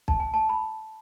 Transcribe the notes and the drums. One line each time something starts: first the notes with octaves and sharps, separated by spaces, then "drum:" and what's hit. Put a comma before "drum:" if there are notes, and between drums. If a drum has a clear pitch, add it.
A5, drum: kick B1
G#5
A5
B5